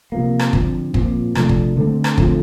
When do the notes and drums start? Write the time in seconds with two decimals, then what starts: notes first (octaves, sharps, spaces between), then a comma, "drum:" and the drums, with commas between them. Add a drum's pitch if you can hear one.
0.12 C3 F3 A#3
0.39 drum: rim click
0.53 D3 F3 C4, drum: kick
0.94 A#2 F3 C4, drum: kick
1.35 C3 F3 A3 D4, drum: rim click
1.49 drum: kick
1.77 D3 A3 C4
2.04 drum: rim click
2.18 D3 F3 A3 C4, drum: kick